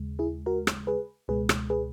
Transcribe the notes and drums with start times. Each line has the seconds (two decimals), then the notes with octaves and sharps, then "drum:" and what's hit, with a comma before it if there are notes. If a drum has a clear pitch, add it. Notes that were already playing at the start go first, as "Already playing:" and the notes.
Already playing: D#2 C#3 G#3
0.19 E4 G#4
0.46 F#4 A#4
0.67 drum: rim click
0.87 G#4 B4
1.28 C#2 B2 G#3 G#4 B4
1.49 drum: rim click
1.70 G#4 B4